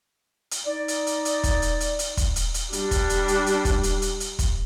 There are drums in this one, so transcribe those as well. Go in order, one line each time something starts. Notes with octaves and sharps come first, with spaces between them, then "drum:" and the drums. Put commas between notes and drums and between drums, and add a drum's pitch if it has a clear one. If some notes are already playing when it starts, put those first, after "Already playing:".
drum: hi-hat
D#4 D5
drum: hi-hat
drum: hi-hat
drum: hi-hat
drum: kick, hi-hat
drum: hi-hat
drum: hi-hat
drum: hi-hat
drum: kick, hi-hat
drum: hi-hat
drum: hi-hat
G3 D4, drum: hi-hat
drum: kick, hi-hat
drum: hi-hat
drum: hi-hat
drum: hi-hat
drum: kick, hi-hat
drum: hi-hat
drum: hi-hat
drum: hi-hat
drum: kick, hi-hat